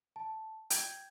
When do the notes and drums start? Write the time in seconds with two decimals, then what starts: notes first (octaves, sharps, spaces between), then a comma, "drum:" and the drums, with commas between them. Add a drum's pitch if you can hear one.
0.16 A5
0.70 G5 G6 G#6, drum: hi-hat